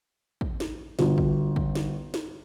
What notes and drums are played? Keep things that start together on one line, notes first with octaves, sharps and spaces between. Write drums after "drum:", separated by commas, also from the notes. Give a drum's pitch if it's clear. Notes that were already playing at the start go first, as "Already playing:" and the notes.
drum: kick
drum: snare
G1 F#4, drum: snare
drum: kick
drum: kick
drum: snare
drum: snare